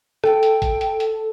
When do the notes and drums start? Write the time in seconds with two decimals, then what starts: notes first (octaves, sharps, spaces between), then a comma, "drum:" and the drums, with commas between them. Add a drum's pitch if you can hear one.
0.24 A4 G5, drum: rim click
0.43 drum: hi-hat
0.62 drum: kick G1, hi-hat
0.81 drum: hi-hat
1.00 drum: hi-hat